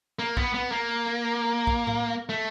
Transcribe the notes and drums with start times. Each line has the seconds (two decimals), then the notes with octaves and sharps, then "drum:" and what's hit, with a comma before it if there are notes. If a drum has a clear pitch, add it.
0.19 A#3
0.37 B3, drum: kick A#1
0.54 B3
0.72 A#3
1.67 drum: kick A#1
1.87 drum: tom A2
2.29 A3